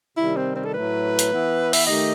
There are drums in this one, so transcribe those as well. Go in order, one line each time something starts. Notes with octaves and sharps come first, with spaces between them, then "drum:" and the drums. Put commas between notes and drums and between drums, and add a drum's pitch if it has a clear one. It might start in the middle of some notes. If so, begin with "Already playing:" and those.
C3 D#3 G3 E4
C4
C4
A4
A2 F#3 A3 B4
drum: hi-hat
E3 B3 E4
E5, drum: open hi-hat
D#3 A3 D#4 G4 D#5